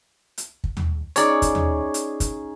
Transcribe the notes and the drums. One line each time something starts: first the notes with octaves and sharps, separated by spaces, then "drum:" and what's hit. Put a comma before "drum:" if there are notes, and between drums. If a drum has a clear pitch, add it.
drum: hi-hat
drum: kick
drum: tom D#2
C#4 D#4 G#4 C#5 D5, drum: hi-hat
drum: kick, hi-hat
drum: tom D#2
drum: hi-hat
drum: kick, hi-hat